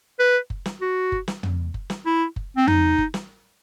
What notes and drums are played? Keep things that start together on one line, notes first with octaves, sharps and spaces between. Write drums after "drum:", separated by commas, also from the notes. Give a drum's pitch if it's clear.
B4
drum: kick F#1
drum: snare
F#4
drum: kick F#1
drum: snare
drum: tom
drum: kick F#1
drum: snare
E4
drum: kick F#1
C4
D#4, drum: tom
drum: kick F#1
drum: snare